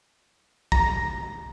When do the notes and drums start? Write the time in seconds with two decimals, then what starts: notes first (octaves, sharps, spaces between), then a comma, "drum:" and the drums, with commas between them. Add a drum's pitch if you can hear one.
0.72 A#5, drum: kick